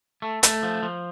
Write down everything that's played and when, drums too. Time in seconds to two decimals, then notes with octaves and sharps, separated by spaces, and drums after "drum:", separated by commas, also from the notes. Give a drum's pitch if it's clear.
0.22 A3
0.43 A3, drum: hi-hat
0.63 F3
0.83 F3